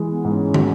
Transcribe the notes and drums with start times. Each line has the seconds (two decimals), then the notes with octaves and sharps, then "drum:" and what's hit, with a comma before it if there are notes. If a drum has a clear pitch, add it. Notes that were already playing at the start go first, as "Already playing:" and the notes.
Already playing: E3 G#3
0.09 B3
0.25 G#2
0.32 C#4
0.54 F#3, drum: tom